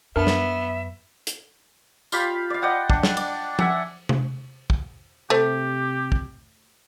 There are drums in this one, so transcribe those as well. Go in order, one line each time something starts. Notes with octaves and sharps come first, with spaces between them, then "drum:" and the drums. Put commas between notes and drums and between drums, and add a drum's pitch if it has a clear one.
F#2 B3 D4 A#4 E5
drum: snare
drum: hi-hat
F4 G4 F5 B5, drum: tambourine
D5 F5
D5 D#5 F#5 G5
D4, drum: kick
drum: snare
D5, drum: cymbal
E5 F#5 G#5, drum: tom F3
drum: tom C3
drum: kick
C3 A3 G4 A4 C5
drum: kick